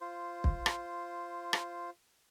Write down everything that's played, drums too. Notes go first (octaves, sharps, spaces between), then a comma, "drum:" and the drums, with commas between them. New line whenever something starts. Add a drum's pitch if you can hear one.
F4 C5
drum: kick
drum: rim click
drum: rim click